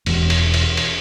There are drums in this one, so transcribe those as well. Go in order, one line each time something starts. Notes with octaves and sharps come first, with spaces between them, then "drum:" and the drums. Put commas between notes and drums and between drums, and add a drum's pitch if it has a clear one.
E1, drum: cymbal
drum: cymbal
drum: cymbal
drum: cymbal